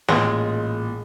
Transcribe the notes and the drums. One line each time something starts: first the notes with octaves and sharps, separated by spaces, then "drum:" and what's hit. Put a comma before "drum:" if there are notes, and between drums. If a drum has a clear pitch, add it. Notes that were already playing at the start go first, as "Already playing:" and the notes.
A1 A#2 G#3, drum: snare